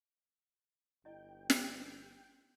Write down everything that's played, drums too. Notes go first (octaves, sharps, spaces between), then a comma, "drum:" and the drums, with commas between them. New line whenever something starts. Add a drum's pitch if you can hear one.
G1 E4 D#5 G5
drum: snare